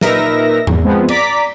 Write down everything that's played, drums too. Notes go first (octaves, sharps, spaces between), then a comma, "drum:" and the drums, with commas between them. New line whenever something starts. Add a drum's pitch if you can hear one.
A#2 D#4 A#4 B4 E5 A#6, drum: snare
E2, drum: tom G#2
F3 G#3 B3 C4
D5 A#5 D6 B6, drum: cymbal